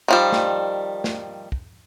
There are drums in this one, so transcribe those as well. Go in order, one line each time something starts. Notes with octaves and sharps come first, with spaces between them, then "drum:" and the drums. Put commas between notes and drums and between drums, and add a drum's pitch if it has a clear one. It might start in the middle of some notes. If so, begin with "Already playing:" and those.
D#3 F3 G3
drum: snare
drum: snare
drum: kick